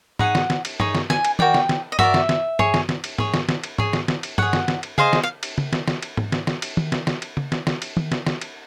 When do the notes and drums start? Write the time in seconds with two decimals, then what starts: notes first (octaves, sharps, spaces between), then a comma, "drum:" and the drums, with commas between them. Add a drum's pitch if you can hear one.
0.19 D#4 G#4 C#5 F#5, drum: tom G#2
0.35 drum: snare
0.50 drum: snare
0.65 drum: cymbal
0.80 D#4 G#4 C#5, drum: tom G2
0.95 drum: snare
1.10 G#5, drum: snare
1.25 drum: cymbal
1.39 F#4 A#4 D5 G5, drum: tom D#3
1.54 drum: snare
1.69 drum: snare
1.92 D#5
1.99 F#4 A#4 D5 E5, drum: tom G2
2.14 drum: snare
2.29 drum: snare
2.59 G#4 C#5, drum: tom G2
2.74 drum: snare
2.89 drum: snare
3.04 drum: cymbal
3.18 G#4 C#5, drum: tom G#2
3.34 drum: snare
3.49 drum: snare
3.64 drum: cymbal
3.78 G#4 C#5, drum: tom G#2
3.93 drum: snare
4.08 drum: snare
4.23 drum: cymbal
4.38 G#4 C#5 F#5, drum: tom G2
4.53 drum: snare
4.68 drum: snare
4.83 drum: cymbal
4.98 G#4 C5 D#5 F5, drum: tom
5.13 drum: snare
5.23 F5
5.43 drum: cymbal
5.58 drum: tom
5.73 drum: snare
5.88 drum: snare
6.02 drum: cymbal
6.17 drum: tom G#2
6.32 drum: snare
6.47 drum: snare
6.62 drum: cymbal
6.77 drum: tom D#3
6.92 drum: snare
7.07 drum: snare
7.22 drum: cymbal
7.37 drum: tom
7.52 drum: snare
7.67 drum: snare
7.82 drum: cymbal
7.97 drum: tom D#3
8.12 drum: snare
8.27 drum: snare
8.41 drum: cymbal